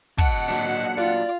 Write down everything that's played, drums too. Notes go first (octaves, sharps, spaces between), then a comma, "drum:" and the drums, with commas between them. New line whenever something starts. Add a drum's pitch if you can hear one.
D#5 F#5 A5, drum: kick
A#2 F#3 D4
F4 D5, drum: snare